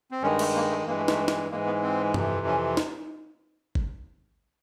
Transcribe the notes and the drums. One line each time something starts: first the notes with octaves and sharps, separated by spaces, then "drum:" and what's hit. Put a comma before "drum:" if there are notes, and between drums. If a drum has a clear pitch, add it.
C4
G2 D#3 G#3 C#4
A3, drum: cymbal
A#3
A3
G2 E3 G#3 A#3
A3
A3, drum: snare
drum: snare
G#2 E3 G#3 A#3
B3
C4
F2 C3 E3, drum: tom G2
C#4
drum: snare
drum: kick G1